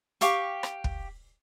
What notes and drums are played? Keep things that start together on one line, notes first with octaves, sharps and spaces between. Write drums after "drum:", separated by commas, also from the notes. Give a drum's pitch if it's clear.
G4 F5 C#6 D6, drum: hi-hat
drum: rim click
drum: kick